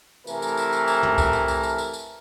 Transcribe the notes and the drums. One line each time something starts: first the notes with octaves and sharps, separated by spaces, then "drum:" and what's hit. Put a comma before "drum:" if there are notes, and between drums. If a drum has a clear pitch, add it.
C3 E3 A3 A#4, drum: tambourine
drum: tambourine
drum: tambourine
drum: tambourine
drum: tambourine
drum: tom
drum: kick C2, tambourine
drum: tambourine
drum: tambourine
drum: tambourine
drum: tambourine
drum: tambourine